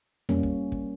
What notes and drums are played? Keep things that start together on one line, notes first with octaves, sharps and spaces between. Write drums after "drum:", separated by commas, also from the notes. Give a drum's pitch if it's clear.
G3 A#3 C#4, drum: tom E2
drum: kick
drum: kick